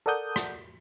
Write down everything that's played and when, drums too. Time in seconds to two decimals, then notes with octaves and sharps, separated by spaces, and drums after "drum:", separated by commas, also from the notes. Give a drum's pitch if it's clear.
0.06 A4 A#4 D5 F#5 D#6 G6
0.36 drum: rim click